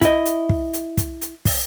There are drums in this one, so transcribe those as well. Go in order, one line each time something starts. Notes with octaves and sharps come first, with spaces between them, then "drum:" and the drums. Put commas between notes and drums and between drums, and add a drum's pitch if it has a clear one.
E4 D#5, drum: kick, hi-hat
drum: hi-hat
drum: kick
drum: hi-hat
drum: kick, hi-hat
drum: hi-hat
drum: kick, open hi-hat